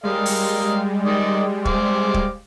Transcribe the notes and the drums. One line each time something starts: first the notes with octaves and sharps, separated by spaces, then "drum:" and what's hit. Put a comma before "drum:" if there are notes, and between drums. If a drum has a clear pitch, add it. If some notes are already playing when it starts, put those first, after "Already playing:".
G3 G#3 A#4 D#5 F5
drum: open hi-hat
D#3 D5 D#5
C5 F5 D6, drum: kick
drum: kick